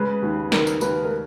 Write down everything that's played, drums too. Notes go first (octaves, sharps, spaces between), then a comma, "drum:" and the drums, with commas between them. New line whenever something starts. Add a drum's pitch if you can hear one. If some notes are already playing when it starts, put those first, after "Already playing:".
Already playing: C#3 G#3 B4
D#2
D#3 A#4, drum: snare
drum: tambourine
D#2 B4, drum: tambourine
A#4